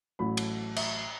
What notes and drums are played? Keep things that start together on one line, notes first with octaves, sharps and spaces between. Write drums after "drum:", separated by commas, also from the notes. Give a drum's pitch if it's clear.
A1 A2 F#3 B5
drum: cymbal
E5, drum: cymbal